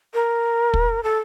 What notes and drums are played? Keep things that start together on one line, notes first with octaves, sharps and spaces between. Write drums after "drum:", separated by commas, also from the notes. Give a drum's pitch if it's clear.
A#4
drum: kick
A4